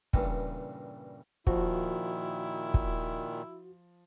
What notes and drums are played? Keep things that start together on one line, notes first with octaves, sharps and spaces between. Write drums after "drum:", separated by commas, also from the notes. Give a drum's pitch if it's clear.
G2 A#2 C#3 E3 G3, drum: kick
A#2 D#3 F3 E4 F#4, drum: kick
drum: kick